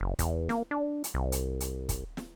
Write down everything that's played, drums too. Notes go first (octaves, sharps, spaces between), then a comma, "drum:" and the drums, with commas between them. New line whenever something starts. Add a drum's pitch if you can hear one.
F#1
E2, drum: kick, hi-hat
A#3, drum: snare
D4
drum: hi-hat
C2
drum: hi-hat
drum: hi-hat
drum: kick, hi-hat
drum: snare